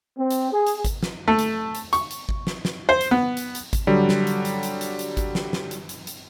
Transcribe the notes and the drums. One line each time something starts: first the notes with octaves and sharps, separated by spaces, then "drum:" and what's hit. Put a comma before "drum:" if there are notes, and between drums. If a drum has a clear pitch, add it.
C4
drum: hi-hat
G#4
drum: hi-hat
drum: kick G#1, hi-hat
drum: snare
A3
drum: hi-hat
drum: hi-hat
C#6, drum: hi-hat
drum: hi-hat
drum: kick G#1
drum: snare
drum: snare
C5
drum: hi-hat
B3
drum: hi-hat
drum: hi-hat
drum: kick G#1, hi-hat
D3 F#3 G3
drum: snare
drum: hi-hat
drum: hi-hat
drum: hi-hat
drum: hi-hat
drum: hi-hat
drum: kick G#1, hi-hat
drum: snare
drum: snare
drum: hi-hat
drum: hi-hat
drum: hi-hat